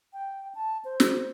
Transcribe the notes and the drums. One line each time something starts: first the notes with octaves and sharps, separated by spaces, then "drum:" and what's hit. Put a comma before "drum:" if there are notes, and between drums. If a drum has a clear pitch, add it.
G5
A5
C5
drum: snare